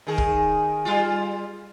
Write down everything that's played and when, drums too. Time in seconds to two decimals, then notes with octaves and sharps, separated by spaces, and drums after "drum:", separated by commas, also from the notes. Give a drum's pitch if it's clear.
0.07 D#3 G#4
0.18 drum: kick
0.85 G3 F4